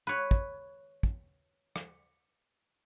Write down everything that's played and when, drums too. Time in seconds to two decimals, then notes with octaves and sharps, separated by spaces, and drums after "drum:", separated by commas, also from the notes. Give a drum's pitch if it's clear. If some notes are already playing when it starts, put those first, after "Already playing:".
0.07 B4 C#5
0.31 drum: kick
1.03 drum: kick
1.76 drum: rim click